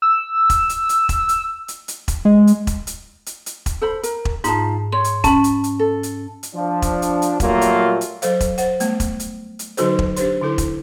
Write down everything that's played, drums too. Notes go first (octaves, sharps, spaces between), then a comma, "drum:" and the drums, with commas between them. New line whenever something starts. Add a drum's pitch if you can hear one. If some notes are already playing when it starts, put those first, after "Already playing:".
E6
drum: kick E1, hi-hat
drum: hi-hat
drum: hi-hat
drum: kick E1, hi-hat
drum: hi-hat
drum: hi-hat
drum: hi-hat
drum: kick E1, hi-hat
G#3
drum: hi-hat
drum: kick E1, hi-hat
drum: hi-hat
drum: hi-hat
drum: hi-hat
drum: kick E1, hi-hat
A4 C5 B5
A#4, drum: hi-hat
drum: kick E1
G#2 D#4 F4 A5, drum: hi-hat
C#5 C6
drum: hi-hat
C#4 A5 B5, drum: kick E1, hi-hat
drum: hi-hat
drum: hi-hat
A4
drum: hi-hat
drum: hi-hat
F3 D4
drum: kick E1, hi-hat
drum: hi-hat
drum: hi-hat
A#2 F#3 G3 A3 A#3 F4, drum: kick E1, hi-hat
drum: hi-hat
drum: hi-hat
F#3 A4 C5 F5, drum: hi-hat
drum: kick E1, hi-hat
C5 F#5, drum: hi-hat
G3 A3 B3, drum: hi-hat
drum: kick E1, hi-hat
drum: hi-hat
drum: hi-hat
D3 F#3 D#4 F#4 A4 C5, drum: hi-hat
drum: kick E1
D4 G4 B4 C5 C6, drum: hi-hat
D3 E4 A4
drum: kick E1, hi-hat